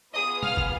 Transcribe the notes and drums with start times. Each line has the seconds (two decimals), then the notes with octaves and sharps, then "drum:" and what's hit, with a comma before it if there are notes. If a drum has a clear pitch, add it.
0.14 B3 F4 G#4 D#5 D#6
0.43 F5 F6, drum: tom
0.57 drum: kick